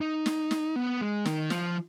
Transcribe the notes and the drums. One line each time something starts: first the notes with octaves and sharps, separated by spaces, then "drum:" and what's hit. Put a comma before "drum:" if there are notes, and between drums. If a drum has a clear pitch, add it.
D#4
drum: snare
drum: snare
B3
G#3
D#3, drum: snare
F3, drum: snare